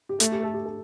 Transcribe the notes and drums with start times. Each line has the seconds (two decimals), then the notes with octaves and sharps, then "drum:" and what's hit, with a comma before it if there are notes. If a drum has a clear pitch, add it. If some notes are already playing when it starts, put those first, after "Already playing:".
0.09 G4
0.20 A3 A4, drum: hi-hat
0.32 G4
0.43 A4
0.54 G4
0.66 A4